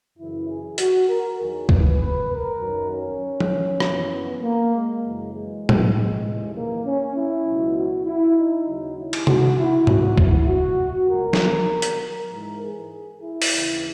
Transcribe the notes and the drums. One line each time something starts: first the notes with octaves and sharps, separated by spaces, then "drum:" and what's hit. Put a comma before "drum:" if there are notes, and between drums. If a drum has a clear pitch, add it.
F#2 C#3 E3 E4
G#4
F#4, drum: hi-hat
A#4
E2 D#3 F#3 G#4
B4, drum: kick
B4
A#4
F#2 D#3 F#3
C#4
drum: tom F3
F#2 E3, drum: rim click
B3
A#3
G#3
F#2 C#3 E3
G#3
drum: tom
G#3
D#2 C#3 E3
A#3
C#4
E4
C#2 B2 F#3
F#4
E4
D#4
D#2 C#3 F#3
E4
drum: cymbal
F#4, drum: tom C3
E4
G#2 F#3 F#4, drum: tom G#2
E4, drum: kick
F#4
C#2 B2 F#3 A#4
drum: snare
drum: hi-hat
A#4
G#2 E3
G#4
E4
drum: open hi-hat
D#2 C#3 E3